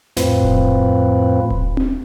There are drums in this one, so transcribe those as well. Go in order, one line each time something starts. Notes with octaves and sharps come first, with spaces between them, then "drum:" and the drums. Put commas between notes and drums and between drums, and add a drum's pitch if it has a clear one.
F2 A2 C4 F4 B4, drum: snare
drum: kick D#1
drum: kick D#1
drum: tom C4